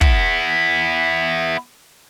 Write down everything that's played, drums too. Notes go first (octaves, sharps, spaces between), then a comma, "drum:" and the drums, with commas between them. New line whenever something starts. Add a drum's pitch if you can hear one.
B3 E4, drum: kick